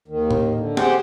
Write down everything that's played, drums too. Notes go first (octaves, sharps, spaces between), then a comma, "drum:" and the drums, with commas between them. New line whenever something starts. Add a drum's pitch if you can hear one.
D#2 D#3
drum: tom A2
D3
G4 G#4 C5 F#5 G5, drum: snare